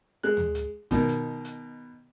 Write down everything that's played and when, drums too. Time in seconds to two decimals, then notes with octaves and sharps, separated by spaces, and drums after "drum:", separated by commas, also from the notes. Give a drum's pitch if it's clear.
0.23 G#3 F#6
0.37 drum: tom D2
0.55 drum: hi-hat
0.91 B2 D#3, drum: kick, hi-hat
1.09 drum: hi-hat
1.45 drum: hi-hat